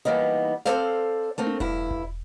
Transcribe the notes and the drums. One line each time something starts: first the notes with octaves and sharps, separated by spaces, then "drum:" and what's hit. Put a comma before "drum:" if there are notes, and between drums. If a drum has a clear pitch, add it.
E3 G3 A#3 B3 D#4
C4 A4 C5 D5 F5, drum: snare
A3 A#3 C4
drum: tom D4
G2 E4, drum: kick E1
drum: kick E1